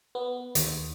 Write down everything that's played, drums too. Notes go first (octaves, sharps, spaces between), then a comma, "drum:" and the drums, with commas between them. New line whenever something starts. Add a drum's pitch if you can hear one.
B3
D#2, drum: hi-hat